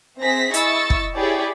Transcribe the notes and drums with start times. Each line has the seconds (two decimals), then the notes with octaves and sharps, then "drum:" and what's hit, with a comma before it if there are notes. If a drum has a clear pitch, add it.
0.19 C4 G#4 C5 E5 A#6 B6
0.54 E4 D#5 C#6 E6 A6, drum: hi-hat
0.90 drum: kick
1.17 E4 G4 G#4 C#5 D5 B5